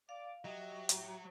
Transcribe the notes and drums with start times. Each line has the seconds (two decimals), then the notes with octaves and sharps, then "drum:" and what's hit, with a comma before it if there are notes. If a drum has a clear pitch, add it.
0.09 D5 F5 D6
0.45 F#3 G4 D#5 E5
0.89 A2 A3, drum: hi-hat